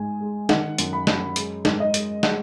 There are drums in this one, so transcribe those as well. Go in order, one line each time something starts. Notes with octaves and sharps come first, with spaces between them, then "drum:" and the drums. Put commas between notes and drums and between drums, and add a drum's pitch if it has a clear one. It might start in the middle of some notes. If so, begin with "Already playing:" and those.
Already playing: G#2 G#3 G#5
G#3
D#3 F#5, drum: snare
F#2, drum: hi-hat
B5
F#2, drum: snare
G#3, drum: hi-hat
G#2, drum: snare
D#5
G#3, drum: hi-hat
G#3 F#5, drum: snare